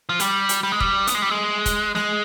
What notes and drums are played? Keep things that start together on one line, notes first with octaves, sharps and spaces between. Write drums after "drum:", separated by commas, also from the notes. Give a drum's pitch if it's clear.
F3
G3, drum: hi-hat
drum: hi-hat
G3
G#3
G3, drum: kick E1
B3, drum: hi-hat
G#3
G3
G#3
drum: kick E1, hi-hat
G#3, drum: snare